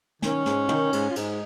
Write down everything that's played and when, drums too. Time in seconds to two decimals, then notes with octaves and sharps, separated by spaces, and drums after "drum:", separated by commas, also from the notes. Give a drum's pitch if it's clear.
0.22 D#3 C#4, drum: snare
0.46 G#2, drum: snare
0.69 D#3, drum: tom
0.93 G#2, drum: cymbal
1.10 F4
1.16 G#2 D#4, drum: cymbal